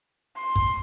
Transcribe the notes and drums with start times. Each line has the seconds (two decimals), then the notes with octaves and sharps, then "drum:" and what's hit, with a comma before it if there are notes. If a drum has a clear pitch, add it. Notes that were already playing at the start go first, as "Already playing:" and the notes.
0.36 C6
0.56 drum: kick